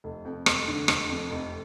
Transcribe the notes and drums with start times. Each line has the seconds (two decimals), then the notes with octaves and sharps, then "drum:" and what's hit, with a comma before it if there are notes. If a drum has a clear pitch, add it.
0.04 F1
0.25 F2
0.46 F1, drum: rim click
0.68 D3
0.88 F1, drum: rim click
1.09 F2
1.30 F1